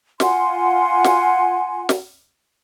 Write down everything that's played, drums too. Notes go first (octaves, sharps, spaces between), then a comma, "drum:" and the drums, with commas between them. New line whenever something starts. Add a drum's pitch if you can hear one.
F4 F#5 G#5 C6, drum: snare
drum: snare
drum: snare